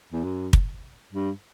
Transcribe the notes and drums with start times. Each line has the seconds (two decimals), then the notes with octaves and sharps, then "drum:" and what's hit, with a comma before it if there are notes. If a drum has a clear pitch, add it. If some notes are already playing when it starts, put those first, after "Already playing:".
0.12 E2
0.24 F#2
0.53 drum: kick
1.13 G2